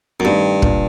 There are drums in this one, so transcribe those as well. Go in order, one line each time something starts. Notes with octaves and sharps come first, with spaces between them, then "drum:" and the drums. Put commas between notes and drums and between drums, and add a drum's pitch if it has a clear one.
F#2
G2 D#3 A3 C4 G4
A#2 G3 D4, drum: kick